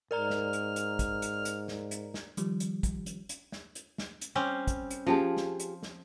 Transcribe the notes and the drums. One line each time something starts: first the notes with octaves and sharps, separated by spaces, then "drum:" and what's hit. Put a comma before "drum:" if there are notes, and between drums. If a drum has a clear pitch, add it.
G#2 A#4 D5 A#5 F6
drum: snare
drum: hi-hat
drum: hi-hat
drum: kick, hi-hat
drum: hi-hat
drum: hi-hat
drum: snare
drum: hi-hat
drum: snare
D#3 F3 G3, drum: hi-hat
drum: hi-hat
drum: kick, hi-hat
drum: hi-hat
drum: hi-hat
drum: snare
drum: hi-hat
drum: snare
drum: hi-hat
G3 C4 C#4
drum: kick, hi-hat
drum: hi-hat
F3 C#4 F4 G4 G#4 A5
drum: snare
drum: hi-hat
drum: snare